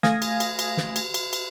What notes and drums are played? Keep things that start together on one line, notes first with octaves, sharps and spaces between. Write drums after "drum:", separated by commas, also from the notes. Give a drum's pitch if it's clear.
A3 F5 G#5 D#6 G#6 A#6, drum: snare
drum: cymbal
drum: cymbal
drum: cymbal
drum: snare
drum: cymbal
drum: cymbal
drum: cymbal